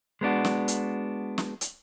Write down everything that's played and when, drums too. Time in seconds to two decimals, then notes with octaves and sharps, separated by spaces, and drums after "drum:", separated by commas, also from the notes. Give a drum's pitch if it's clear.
0.21 G#3 B3 D4 F#4
0.45 drum: snare
0.68 drum: hi-hat
1.38 drum: snare
1.61 drum: hi-hat